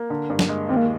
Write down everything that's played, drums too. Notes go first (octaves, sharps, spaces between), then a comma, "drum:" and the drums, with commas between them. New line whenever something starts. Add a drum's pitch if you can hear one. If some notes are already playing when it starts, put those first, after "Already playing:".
Already playing: A#3
D3
G2
drum: snare
G#3
D#2 C4
A#3